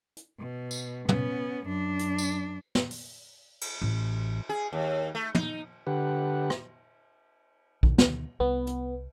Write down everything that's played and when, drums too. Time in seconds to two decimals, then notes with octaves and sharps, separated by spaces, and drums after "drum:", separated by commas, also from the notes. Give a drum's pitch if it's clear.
0.17 drum: hi-hat
0.39 B2
0.71 drum: tambourine
1.09 B3 C#4, drum: tom
1.67 F#2 D4
1.99 drum: hi-hat
2.18 drum: tambourine
2.75 drum: snare
2.91 drum: open hi-hat
3.61 drum: cymbal
3.82 A1
4.49 G#4
4.73 D#2
5.15 A3
5.35 D#4, drum: tom
5.87 D3 G4 B4 F#5
6.50 drum: rim click
7.83 D2 B2 D#3, drum: kick A#1
7.98 drum: snare
8.40 C2 B3
8.67 drum: hi-hat